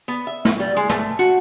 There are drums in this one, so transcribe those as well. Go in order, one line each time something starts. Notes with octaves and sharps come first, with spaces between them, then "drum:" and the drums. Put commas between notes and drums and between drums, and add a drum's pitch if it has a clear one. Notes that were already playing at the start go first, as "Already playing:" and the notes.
B3
E5
drum: snare
G3
G#3
A3, drum: snare
F#4